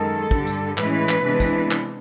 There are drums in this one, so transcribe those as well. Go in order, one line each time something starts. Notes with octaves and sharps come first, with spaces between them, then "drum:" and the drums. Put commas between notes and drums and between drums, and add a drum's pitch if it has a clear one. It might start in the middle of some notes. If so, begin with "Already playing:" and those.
Already playing: F#2 D#3 G#3 A4
G2 D3 G3, drum: kick
drum: tambourine
A2 E3 G#3 C#4 B4, drum: clap
drum: clap
C3 E3 G#3 B3 D4
drum: kick, tambourine
drum: clap